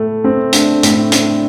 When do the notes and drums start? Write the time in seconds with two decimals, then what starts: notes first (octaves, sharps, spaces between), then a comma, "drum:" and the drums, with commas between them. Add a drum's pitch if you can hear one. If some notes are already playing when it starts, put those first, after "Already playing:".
Already playing: A2 A3
0.24 C4
0.53 A3 D4, drum: hi-hat
0.83 A2, drum: hi-hat
0.98 D4
1.12 C4, drum: hi-hat